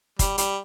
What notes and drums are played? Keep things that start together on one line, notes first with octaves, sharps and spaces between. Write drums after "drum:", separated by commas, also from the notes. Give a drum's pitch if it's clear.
G3, drum: kick, hi-hat
G3, drum: hi-hat